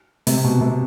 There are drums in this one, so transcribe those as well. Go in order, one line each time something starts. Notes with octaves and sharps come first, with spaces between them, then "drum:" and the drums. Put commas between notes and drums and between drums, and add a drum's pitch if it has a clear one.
C3, drum: open hi-hat
B2
C3